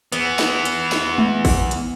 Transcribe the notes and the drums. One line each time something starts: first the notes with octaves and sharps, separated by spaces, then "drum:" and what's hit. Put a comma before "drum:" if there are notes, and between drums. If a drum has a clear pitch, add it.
E3 B3, drum: hi-hat
drum: snare D4
drum: hi-hat
drum: snare D4
drum: tom G#3
drum: kick, open hi-hat
drum: hi-hat